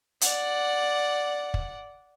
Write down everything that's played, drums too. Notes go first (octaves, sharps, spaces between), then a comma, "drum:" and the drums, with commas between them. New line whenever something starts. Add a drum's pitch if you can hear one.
D5 F#5, drum: hi-hat
drum: kick